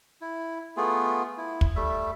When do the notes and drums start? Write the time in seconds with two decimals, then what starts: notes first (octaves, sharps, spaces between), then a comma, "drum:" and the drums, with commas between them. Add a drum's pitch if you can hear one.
0.21 E4
0.77 A3 B3 F4 G#4
1.38 E4
1.61 drum: kick
1.76 G3 A3 E5